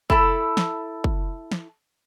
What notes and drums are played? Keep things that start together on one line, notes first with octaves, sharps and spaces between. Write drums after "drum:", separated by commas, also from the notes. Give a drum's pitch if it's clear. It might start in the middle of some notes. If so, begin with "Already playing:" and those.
E4 A4 A5 B5, drum: kick
drum: snare
drum: kick
drum: snare